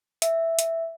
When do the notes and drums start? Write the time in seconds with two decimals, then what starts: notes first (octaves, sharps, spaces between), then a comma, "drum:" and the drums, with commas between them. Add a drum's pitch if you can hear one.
0.22 E5, drum: hi-hat
0.59 drum: hi-hat